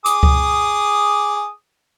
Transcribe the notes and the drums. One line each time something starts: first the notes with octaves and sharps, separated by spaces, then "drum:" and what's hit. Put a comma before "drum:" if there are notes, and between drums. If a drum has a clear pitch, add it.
G#4 D6 D#6, drum: hi-hat
drum: kick C#2